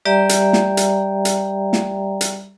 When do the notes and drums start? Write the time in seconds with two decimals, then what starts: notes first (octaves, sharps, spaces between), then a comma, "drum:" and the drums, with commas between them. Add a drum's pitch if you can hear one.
0.05 G3 G4 D5 E5 G5 A#5
0.29 drum: hi-hat
0.53 drum: snare
0.77 drum: hi-hat
1.25 drum: hi-hat
1.73 drum: snare
2.21 drum: hi-hat